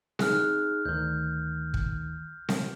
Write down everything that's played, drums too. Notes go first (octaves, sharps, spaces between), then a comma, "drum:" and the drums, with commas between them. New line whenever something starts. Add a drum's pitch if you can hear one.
D#4 G#4 F6 F#6, drum: snare C4
D2 D#3 G6
drum: kick
drum: snare C4